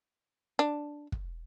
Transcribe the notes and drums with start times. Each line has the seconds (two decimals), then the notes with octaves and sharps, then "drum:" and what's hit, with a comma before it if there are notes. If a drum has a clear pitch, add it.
0.59 D4
1.12 drum: kick